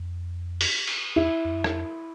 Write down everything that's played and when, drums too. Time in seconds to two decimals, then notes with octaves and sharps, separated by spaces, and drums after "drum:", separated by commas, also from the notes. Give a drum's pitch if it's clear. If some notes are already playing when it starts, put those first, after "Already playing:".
Already playing: F2
0.61 drum: open hi-hat
0.87 drum: cymbal
1.16 E2 E4
1.45 F2
1.53 F#2
1.64 E2, drum: rim click
1.71 F2